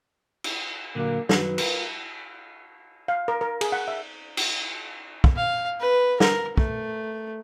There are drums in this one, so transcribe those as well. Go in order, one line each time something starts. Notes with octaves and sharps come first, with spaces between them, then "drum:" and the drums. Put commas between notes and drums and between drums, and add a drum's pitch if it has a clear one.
drum: cymbal
A#2 D3 F#3 A#3
F#2 D#3 F#3 B4, drum: snare
F4 A#4, drum: cymbal
F5
A#4
A#4
G#4, drum: cymbal
F#5
E5
drum: cymbal
drum: kick
F5
B4
A#4, drum: snare
A3, drum: kick